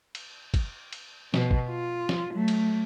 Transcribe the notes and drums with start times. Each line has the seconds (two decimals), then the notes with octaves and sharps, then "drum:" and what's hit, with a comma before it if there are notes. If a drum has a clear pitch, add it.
0.15 drum: cymbal
0.54 drum: kick, cymbal
0.93 drum: cymbal
1.34 B2, drum: snare F3
1.51 drum: kick
1.70 F4
2.09 drum: snare F3
2.30 F#3 A3
2.48 drum: cymbal